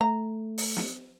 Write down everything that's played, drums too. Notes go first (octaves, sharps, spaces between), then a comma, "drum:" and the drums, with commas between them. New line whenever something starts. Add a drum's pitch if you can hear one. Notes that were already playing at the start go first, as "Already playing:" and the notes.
A3 A#5
drum: open hi-hat
drum: snare